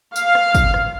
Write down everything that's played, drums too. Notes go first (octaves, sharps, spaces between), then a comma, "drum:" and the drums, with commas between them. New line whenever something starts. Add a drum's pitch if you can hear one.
F5, drum: tambourine
drum: rim click
drum: kick, tambourine
drum: rim click